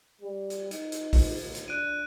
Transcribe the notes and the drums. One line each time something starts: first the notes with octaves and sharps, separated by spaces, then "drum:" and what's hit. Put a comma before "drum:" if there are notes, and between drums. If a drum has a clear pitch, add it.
G3
drum: hi-hat
D#4, drum: hi-hat
drum: hi-hat
drum: kick, open hi-hat
D#2
drum: hi-hat
D4 F#6 D7 D#7